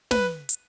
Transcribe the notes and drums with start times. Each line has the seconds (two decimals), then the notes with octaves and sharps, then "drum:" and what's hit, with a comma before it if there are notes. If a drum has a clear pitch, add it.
0.11 B4, drum: snare
0.49 drum: hi-hat